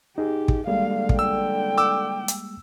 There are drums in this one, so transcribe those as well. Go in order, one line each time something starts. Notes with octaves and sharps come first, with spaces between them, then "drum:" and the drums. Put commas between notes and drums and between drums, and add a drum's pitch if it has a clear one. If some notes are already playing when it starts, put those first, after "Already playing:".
D#4 G4 G#4
drum: kick
D3 G3 G#3 A#3 F5
drum: kick
G5 E6
D6 E6
drum: hi-hat